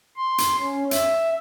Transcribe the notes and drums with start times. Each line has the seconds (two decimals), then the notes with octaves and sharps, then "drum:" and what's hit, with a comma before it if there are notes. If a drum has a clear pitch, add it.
0.16 C6
0.38 drum: hi-hat
0.59 C#4
0.91 E5, drum: hi-hat